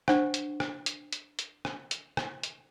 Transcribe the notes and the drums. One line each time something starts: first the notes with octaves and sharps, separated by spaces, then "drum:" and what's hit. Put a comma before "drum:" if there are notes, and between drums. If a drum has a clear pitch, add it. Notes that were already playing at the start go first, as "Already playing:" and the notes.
D4 C5 F#5 C#6, drum: rim click
drum: hi-hat
drum: rim click
drum: hi-hat
drum: hi-hat
drum: hi-hat
drum: rim click
drum: hi-hat
drum: rim click
drum: hi-hat